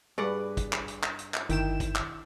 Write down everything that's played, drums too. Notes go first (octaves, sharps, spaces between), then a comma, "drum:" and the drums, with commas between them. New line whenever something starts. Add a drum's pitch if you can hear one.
G2 G#4 B4 D5 F#5
drum: kick, hi-hat
drum: clap
drum: hi-hat
drum: clap
drum: hi-hat
drum: clap
G1 D#3 E4 G5 E7, drum: hi-hat
drum: kick, hi-hat
drum: clap